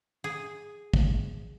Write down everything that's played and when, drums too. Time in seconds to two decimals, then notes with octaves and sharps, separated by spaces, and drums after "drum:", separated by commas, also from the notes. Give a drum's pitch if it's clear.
0.24 G#4
0.94 drum: kick